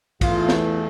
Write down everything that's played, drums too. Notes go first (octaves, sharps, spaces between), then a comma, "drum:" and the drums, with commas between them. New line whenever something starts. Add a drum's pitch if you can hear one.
E2 E3 A3 F4, drum: kick, cymbal
drum: snare